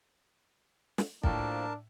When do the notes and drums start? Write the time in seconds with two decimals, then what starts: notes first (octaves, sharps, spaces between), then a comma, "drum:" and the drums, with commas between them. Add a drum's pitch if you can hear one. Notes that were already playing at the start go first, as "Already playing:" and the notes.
0.98 drum: snare
1.23 A2 F3 A#3 D4 A#4 G5 A5, drum: kick